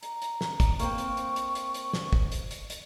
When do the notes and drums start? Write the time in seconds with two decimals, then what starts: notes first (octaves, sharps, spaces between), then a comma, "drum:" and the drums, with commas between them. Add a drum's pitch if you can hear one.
0.03 A#5, drum: hi-hat
0.22 drum: hi-hat
0.41 drum: snare
0.60 drum: kick, hi-hat
0.80 A#3 C4 C#6, drum: hi-hat
0.98 drum: hi-hat
1.17 drum: hi-hat
1.36 drum: hi-hat
1.55 drum: hi-hat
1.74 drum: hi-hat
1.93 drum: snare
2.13 drum: kick
2.32 drum: hi-hat
2.51 drum: hi-hat
2.70 drum: hi-hat